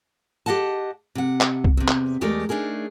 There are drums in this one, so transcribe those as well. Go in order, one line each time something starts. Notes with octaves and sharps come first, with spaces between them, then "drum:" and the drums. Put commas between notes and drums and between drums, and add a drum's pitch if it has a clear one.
G4 A4 D#5 F#5 A5
C3 F#5
drum: clap
drum: kick
E2 C3
drum: clap
E2 G#3 A3 G4 A#4 D5
A3 D4 D#4 G#4 A#4